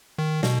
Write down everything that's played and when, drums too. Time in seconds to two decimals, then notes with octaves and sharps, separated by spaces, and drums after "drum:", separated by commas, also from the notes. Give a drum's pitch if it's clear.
0.18 D#3
0.43 B2, drum: snare